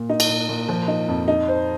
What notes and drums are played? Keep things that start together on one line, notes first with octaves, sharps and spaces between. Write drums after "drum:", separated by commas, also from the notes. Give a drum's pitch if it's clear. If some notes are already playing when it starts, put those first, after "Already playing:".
Already playing: A#2
D#4
drum: cymbal
A#2
A#2
F3
D#4
F2
D#4
C5